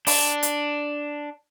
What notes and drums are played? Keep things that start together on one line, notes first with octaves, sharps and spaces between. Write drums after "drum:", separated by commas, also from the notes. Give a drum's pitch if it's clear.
D4, drum: open hi-hat
drum: hi-hat